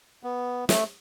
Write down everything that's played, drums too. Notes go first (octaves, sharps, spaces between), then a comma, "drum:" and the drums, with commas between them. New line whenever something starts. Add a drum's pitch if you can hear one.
B3
A3, drum: snare